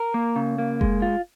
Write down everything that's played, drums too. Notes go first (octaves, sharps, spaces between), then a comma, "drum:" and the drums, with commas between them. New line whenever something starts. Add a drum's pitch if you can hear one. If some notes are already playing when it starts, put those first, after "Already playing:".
Already playing: A#4
A#3
C#3
A#3
G#3, drum: kick F1
F4